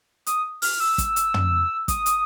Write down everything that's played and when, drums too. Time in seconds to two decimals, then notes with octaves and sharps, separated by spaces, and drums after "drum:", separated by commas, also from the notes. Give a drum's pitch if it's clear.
0.26 D#6, drum: hi-hat
0.62 F6, drum: open hi-hat
0.80 E6
0.98 drum: kick, hi-hat
1.16 drum: hi-hat
1.34 drum: tom
1.88 D#6, drum: kick, hi-hat
2.06 drum: hi-hat